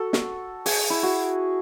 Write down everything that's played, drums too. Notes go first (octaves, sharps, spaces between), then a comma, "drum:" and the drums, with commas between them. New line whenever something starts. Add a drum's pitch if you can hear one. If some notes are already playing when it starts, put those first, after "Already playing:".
Already playing: F#4 A4
drum: snare
G#4, drum: open hi-hat
E4
F#4